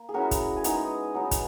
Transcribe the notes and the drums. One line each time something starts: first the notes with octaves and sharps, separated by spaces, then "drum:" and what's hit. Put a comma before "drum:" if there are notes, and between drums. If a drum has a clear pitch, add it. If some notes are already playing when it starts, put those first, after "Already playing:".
Already playing: A#3
G#4
F#3 C#4 E4 F#4 A#4
drum: kick, hi-hat
G#5
G#3 B3 D#4 D#5 F#5, drum: hi-hat
F#3 B3 D#4
drum: kick, hi-hat